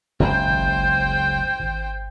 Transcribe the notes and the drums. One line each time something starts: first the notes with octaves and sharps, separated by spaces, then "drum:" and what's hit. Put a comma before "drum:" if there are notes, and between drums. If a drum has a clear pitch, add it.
F#1 C#2 C5 G5
drum: kick G#1
drum: kick G#1